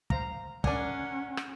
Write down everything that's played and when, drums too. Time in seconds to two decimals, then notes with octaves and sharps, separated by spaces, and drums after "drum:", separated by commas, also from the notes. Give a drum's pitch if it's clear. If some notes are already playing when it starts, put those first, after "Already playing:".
0.10 C5 F5 A#5, drum: kick
0.64 C#4 D4 A#4 D5 F#5 G#5, drum: kick
1.37 drum: rim click